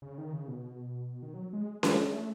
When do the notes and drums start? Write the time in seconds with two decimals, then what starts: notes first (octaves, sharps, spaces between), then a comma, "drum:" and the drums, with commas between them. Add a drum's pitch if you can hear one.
0.02 C#3
0.18 D#3
0.33 C#3
0.48 B2
1.23 D#3
1.34 F#3
1.53 G#3
1.83 G#3, drum: snare C#4
2.13 A3